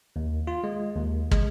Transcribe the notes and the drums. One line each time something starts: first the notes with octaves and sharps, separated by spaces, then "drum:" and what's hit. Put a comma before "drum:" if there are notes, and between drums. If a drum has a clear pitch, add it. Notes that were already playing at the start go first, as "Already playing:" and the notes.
D#2
F4
G#3
D#2
G#3, drum: kick